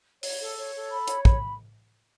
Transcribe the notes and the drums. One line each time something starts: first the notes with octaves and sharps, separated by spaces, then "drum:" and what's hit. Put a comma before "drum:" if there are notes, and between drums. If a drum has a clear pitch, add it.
C#5, drum: open hi-hat
A4
C#5
A4
B5
C#5, drum: hi-hat
B5, drum: kick